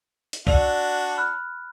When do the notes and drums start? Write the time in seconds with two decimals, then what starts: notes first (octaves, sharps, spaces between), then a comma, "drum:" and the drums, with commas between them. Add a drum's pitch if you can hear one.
0.33 drum: hi-hat
0.47 D4 F#4 D5 E6, drum: kick B1
1.17 B5 F6 F#6